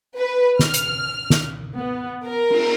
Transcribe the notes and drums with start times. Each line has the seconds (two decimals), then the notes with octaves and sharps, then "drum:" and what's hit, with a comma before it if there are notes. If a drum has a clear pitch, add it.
0.17 B4
0.59 F6, drum: snare
0.74 drum: hi-hat
1.30 drum: snare
1.78 B3
2.26 A#4
2.50 drum: cymbal